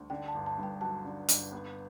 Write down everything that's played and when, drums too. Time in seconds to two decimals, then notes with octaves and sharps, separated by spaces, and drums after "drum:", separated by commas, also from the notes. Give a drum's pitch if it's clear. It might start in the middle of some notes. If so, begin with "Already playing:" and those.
Already playing: D2 G3
0.10 D3 G5
0.28 A5
0.34 G1
0.46 A5
0.58 G2
0.63 G5
0.81 F#3 A5
1.05 D3
1.29 G1, drum: hi-hat
1.52 B3